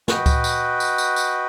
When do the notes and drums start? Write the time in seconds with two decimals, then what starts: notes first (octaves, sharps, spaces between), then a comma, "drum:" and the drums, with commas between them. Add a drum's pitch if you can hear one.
0.08 F#4 B4 D#5 G5, drum: snare
0.26 drum: kick C#2, tambourine
0.44 drum: tambourine
0.80 drum: tambourine
0.98 drum: tambourine
1.16 drum: tambourine